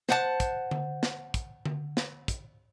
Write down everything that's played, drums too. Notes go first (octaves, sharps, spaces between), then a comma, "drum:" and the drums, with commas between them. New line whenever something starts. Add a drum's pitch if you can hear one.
C5 F#5 A5, drum: snare
drum: kick, hi-hat
drum: tom D3
drum: snare
drum: kick, hi-hat
drum: tom D3
drum: snare
drum: kick, hi-hat